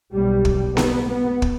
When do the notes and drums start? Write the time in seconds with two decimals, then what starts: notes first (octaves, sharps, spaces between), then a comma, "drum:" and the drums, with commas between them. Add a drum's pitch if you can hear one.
0.13 B1 B2 G3
0.45 drum: kick
0.77 B3, drum: snare B3
1.10 B3
1.42 drum: kick